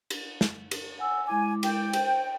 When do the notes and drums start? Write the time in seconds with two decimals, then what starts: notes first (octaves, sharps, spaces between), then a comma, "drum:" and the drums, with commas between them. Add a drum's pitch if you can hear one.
0.10 drum: cymbal
0.41 drum: snare
0.71 drum: cymbal
0.99 F#5 G#5 E6
1.27 G#3 E4 G#5 D6
1.63 G5, drum: cymbal
1.93 C5, drum: cymbal